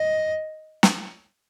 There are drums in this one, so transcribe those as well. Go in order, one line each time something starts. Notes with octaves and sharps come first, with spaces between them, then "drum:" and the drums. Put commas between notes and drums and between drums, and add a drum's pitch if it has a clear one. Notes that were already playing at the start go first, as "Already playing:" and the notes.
Already playing: D#5
drum: snare